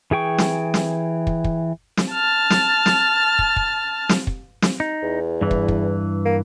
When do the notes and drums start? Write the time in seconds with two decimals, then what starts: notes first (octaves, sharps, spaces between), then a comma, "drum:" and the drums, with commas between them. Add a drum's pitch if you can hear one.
0.11 E3 G#4 G5 C#6
0.38 drum: snare
0.74 drum: snare
1.27 drum: kick
1.44 drum: kick
1.97 drum: snare
2.12 A5 F6
2.50 drum: snare
2.86 drum: snare
3.39 drum: kick
3.56 drum: kick
4.09 drum: snare
4.27 drum: kick
4.62 drum: snare
4.80 D#4
5.03 E2
5.41 G2 E3
5.51 drum: kick
5.68 drum: kick
6.26 A#3